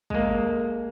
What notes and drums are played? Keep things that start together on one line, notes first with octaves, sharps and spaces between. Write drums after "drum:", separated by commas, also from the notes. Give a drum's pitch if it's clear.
G#3 A#3, drum: kick